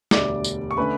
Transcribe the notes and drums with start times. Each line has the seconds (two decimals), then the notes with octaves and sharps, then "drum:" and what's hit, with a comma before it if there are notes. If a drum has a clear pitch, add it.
0.11 E1 D2 D3 G3 D5 D6, drum: snare
0.44 drum: tambourine
0.71 C#6
0.77 D3 A3 C#4 B4 B5